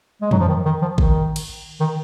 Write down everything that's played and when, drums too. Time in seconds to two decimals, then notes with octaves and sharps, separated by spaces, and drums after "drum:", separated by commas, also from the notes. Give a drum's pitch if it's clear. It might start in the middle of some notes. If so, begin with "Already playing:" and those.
0.22 G#3
0.31 F#3, drum: tom
0.40 F3
0.48 D#3
0.65 D#3
0.82 F3
0.98 D#3, drum: kick A1
1.36 drum: cymbal
1.80 D#3